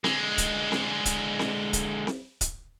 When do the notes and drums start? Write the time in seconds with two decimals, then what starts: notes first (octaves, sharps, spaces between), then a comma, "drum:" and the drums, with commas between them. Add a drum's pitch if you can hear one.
0.04 D3 G#3, drum: snare C4
0.38 drum: kick C#1, hi-hat
0.72 drum: snare C4
1.05 drum: kick C#1, hi-hat
1.39 drum: snare C4
1.73 drum: kick C#1, hi-hat
2.07 drum: snare C4
2.41 drum: kick C#1, hi-hat